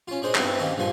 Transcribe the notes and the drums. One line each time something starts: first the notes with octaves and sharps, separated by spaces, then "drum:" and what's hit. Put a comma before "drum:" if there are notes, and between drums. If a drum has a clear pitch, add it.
C#4 F4
D4 G#4 C5 C#5 D#5
G2 B3 C4 E4 A#5, drum: clap
D#3 A#3 C#4 D#4 D#5
A#1 G2 F3 G#5 C6